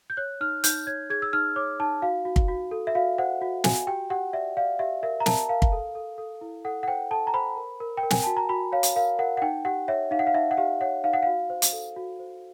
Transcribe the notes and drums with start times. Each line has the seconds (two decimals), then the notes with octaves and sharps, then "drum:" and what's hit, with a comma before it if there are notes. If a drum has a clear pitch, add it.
0.10 G6
0.17 C#5 F#6
0.41 D#4 F6
0.64 D#4 G6, drum: hi-hat
0.87 C#5 G#6
1.10 G#4 G#6
1.22 E6
1.33 D#4 F6
1.56 C#5 D6
1.80 D#4 A5
2.02 F#4 F5
2.25 F#4
2.36 drum: kick
2.48 F#4
2.71 A4
2.87 E5
2.95 F#4 F5
3.18 C5 F#5
3.42 F#4
3.64 F#4 G#5, drum: snare
3.87 G4 G5
4.10 G4 F#5
4.33 D5 E5
4.57 D5 F5
4.79 G4 E5
5.03 A#4 E5
5.20 A#5
5.26 A#4 A5, drum: snare
5.49 A#4 F5
5.62 drum: kick
5.72 A4
5.95 A4
6.18 A4
6.41 E4
6.65 A4 F#5
6.83 F#5
6.88 C5 G5
7.11 A4 A5
7.27 A#5
7.34 C5 B5
7.56 A#4
7.80 A#4
7.97 G5
8.03 A#4
8.10 G#5, drum: snare
8.23 F#4 A5
8.37 A#5
8.49 F#4 B5
8.72 C#5 F5
8.83 drum: hi-hat
8.96 A#4 F5
9.19 A#4 F#5
9.37 F#5
9.42 D#4 G5
9.65 G4 F#5
9.88 C#5 E5
10.11 D#4 F5
10.19 F#5
10.27 F5
10.34 D#4 E5
10.51 F#5
10.57 G4 F5
10.81 C#5 F#5
11.04 D#4 F5
11.13 F#5
11.23 F#4 F5
11.50 C5
11.62 drum: hi-hat
11.73 A4
11.96 F#4
12.19 C5